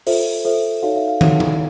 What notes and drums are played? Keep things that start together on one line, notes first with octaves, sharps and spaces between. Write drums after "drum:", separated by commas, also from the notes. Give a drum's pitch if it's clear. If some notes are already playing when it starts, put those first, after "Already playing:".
F4 A4 C5 E5, drum: open hi-hat
F4 A4 C5 E5
D#4 F#4 A4 C#5 F5
E5
F5
D#4 F#4 A4 C#5 F#5, drum: tom
F5, drum: tom D3